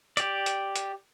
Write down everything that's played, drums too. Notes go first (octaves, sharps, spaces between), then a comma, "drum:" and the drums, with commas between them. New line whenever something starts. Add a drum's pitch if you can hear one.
G4 D5, drum: hi-hat
drum: hi-hat
drum: hi-hat